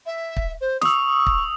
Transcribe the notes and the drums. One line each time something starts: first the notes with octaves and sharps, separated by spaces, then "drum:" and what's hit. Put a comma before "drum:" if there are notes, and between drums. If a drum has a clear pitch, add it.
E5
drum: kick
C5
C#6 D#6 E6, drum: snare
drum: kick